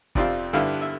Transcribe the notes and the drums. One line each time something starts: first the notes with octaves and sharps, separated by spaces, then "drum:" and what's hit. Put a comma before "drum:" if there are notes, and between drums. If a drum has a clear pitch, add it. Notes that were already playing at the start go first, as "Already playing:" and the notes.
F2 C3 F3 C4 F4 D5, drum: kick
G2 D3 G3 B3 E4 F5
E5